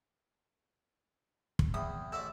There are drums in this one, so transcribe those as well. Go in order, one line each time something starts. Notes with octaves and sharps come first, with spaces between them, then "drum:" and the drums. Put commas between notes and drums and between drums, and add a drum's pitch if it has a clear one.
drum: kick
E2 E5 G5 B5 D#6
A1 F#4 D5 E5 E6